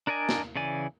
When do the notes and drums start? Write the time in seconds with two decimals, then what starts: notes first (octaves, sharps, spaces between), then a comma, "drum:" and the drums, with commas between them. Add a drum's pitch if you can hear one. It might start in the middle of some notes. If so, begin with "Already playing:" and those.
0.07 D4 A#4 D5 D#5 G#5
0.29 drum: snare
0.56 C#3 E3 D5 G#5